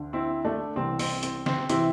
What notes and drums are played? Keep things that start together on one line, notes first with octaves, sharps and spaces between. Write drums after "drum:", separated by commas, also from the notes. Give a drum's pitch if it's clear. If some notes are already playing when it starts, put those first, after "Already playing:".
Already playing: D2 D3
C4 E4
A3 D4
C2 C3 E3 C4
C4, drum: open hi-hat
C4, drum: hi-hat
C4, drum: snare
C3 E3 C4 E4, drum: hi-hat